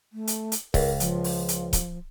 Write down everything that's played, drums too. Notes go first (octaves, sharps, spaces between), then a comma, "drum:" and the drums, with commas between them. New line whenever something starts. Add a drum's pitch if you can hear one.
A3
drum: hi-hat
drum: hi-hat
C#2 A#4, drum: kick C#1, open hi-hat
F3, drum: hi-hat
drum: open hi-hat
drum: hi-hat
drum: kick C#1, hi-hat